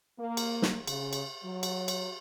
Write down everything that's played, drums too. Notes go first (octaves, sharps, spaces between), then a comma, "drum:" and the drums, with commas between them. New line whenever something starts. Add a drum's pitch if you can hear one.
A#3
drum: cymbal
drum: snare
C#3, drum: cymbal
drum: cymbal
F#3
drum: cymbal
drum: cymbal